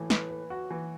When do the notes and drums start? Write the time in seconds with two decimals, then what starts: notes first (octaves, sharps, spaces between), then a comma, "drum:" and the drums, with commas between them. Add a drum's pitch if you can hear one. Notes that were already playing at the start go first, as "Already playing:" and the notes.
Already playing: A2 E3
0.10 B4, drum: snare
0.30 B4
0.50 F#4
0.70 E3